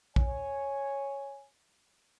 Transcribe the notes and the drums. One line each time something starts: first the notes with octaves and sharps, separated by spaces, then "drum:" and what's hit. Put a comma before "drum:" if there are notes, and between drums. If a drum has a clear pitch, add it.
C#5 G#5, drum: kick A#1